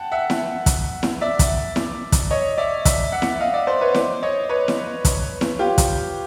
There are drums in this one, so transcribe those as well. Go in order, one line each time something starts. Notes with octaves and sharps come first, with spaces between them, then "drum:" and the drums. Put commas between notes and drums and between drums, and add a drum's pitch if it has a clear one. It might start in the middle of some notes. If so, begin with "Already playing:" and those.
Already playing: F#5 G5 A5
E5 F#5
drum: snare E4
drum: kick, hi-hat
drum: snare E4
D5 E5
drum: kick, hi-hat
drum: snare E4
drum: kick, hi-hat
C#5 D#5
D5 E5
D5 E5, drum: kick, hi-hat
E5 F#5
drum: snare E4
D#5 F5
D5 E5
C5 D5
B4 C#5
C5 D5, drum: snare E4
C#5 D#5
B4 C#5
drum: snare E4
drum: kick, hi-hat
drum: snare E4
F4 G4
drum: kick, hi-hat